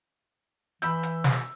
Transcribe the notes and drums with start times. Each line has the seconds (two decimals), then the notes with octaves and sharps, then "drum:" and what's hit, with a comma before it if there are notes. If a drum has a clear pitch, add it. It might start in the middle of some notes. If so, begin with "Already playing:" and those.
0.82 E3 B5 E6 G6, drum: hi-hat
1.03 drum: hi-hat
1.24 drum: snare